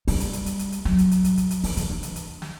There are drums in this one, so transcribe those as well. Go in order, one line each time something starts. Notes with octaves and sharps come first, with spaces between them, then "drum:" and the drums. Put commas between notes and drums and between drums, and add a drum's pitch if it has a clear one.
G3, drum: open hi-hat
drum: hi-hat
drum: hi-hat
drum: hi-hat
drum: hi-hat
drum: hi-hat
F#3, drum: snare
drum: kick, hi-hat
drum: hi-hat
drum: kick, hi-hat
drum: kick, hi-hat
drum: hi-hat
E3, drum: open hi-hat
E3, drum: hi-hat
D4
drum: hi-hat
drum: hi-hat
drum: snare